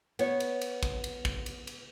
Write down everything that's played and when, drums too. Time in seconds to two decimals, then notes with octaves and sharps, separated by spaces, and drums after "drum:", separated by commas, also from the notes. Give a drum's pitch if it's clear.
0.19 B3 C#5, drum: cymbal
0.40 drum: cymbal
0.61 drum: cymbal
0.83 drum: kick, cymbal
1.04 drum: cymbal
1.25 drum: kick, cymbal
1.46 drum: cymbal
1.67 drum: cymbal